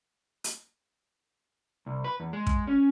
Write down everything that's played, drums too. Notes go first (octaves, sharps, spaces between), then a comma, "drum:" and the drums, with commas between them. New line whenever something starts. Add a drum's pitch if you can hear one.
drum: hi-hat
C2
B4
E2
G#3
drum: kick
C#4